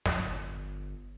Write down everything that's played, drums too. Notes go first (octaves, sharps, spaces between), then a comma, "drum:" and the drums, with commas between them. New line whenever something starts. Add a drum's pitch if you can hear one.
G1, drum: snare